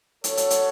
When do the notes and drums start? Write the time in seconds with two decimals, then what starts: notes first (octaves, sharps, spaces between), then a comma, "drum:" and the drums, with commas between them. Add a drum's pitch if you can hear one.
0.24 F#4 A4 C#5, drum: hi-hat
0.37 drum: hi-hat
0.50 drum: hi-hat